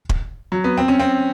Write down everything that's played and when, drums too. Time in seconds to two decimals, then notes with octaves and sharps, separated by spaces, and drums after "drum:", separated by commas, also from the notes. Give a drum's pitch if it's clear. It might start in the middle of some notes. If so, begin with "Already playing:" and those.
0.09 drum: kick
0.52 F#3
0.64 B3
0.77 C4
0.88 C#4
0.99 C4